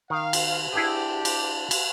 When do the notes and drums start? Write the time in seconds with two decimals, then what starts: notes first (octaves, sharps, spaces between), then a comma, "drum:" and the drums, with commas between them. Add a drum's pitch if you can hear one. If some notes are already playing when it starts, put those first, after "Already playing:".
0.10 D#3 F5
0.33 drum: cymbal
0.73 D4 E4 G4 G#4 B4
1.25 drum: cymbal
1.71 drum: cymbal